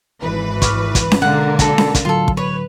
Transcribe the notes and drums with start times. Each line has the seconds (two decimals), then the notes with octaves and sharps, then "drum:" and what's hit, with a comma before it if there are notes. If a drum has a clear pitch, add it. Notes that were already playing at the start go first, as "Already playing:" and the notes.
0.21 G#1 E3 B4
0.62 C#6 D6 F6, drum: kick, hi-hat
0.95 drum: kick, hi-hat
1.12 drum: snare C#4
1.22 B2 D3 G#3 A#3 F#5
1.59 F#4 A4, drum: kick, hi-hat
1.78 drum: snare C#4
1.95 drum: kick, hi-hat
2.05 A2 D3 F#3 F4 A4
2.28 drum: kick
2.37 B4 C#5